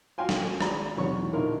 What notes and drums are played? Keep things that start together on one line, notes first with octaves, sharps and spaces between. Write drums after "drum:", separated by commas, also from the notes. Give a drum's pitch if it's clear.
F#4 F5 G5 G#5 C6
drum: snare
G#1 D5 A#5 B5, drum: rim click
B1 E2 C3 C#5 C#6
A#1 D3 D#4 E4 A#4 C6